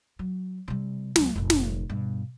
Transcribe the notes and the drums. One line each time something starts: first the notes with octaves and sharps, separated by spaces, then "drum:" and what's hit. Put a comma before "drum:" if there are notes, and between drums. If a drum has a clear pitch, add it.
F#3
C3 G3
C#2 F#3, drum: snare
F1 A#1
drum: snare
G2 B2